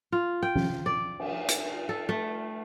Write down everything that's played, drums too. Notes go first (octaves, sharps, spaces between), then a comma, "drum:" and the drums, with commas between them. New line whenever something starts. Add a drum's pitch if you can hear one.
F4
G5
drum: tom
D5
drum: cymbal
drum: hi-hat
A4
A3